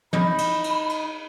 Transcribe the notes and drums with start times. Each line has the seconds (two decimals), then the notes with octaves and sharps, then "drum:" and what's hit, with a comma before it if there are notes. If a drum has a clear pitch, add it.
0.13 D#4 B5, drum: tom
0.38 drum: cymbal
0.64 drum: cymbal
0.89 drum: cymbal